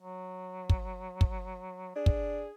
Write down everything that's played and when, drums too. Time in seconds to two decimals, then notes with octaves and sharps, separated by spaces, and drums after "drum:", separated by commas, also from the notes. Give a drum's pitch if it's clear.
0.01 F#3
0.70 drum: kick
1.21 drum: kick
1.96 D4 G#4
2.06 drum: kick